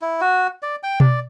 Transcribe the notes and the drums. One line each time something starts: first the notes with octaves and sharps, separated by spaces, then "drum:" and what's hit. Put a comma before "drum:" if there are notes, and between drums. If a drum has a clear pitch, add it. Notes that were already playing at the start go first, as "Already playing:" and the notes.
E4
F#4
D5
G5
D5, drum: tom B2